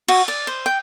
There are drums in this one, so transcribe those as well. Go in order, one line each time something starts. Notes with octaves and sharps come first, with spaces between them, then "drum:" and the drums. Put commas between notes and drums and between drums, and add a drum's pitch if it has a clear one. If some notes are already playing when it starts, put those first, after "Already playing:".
F#4, drum: cymbal
D5
C5
G5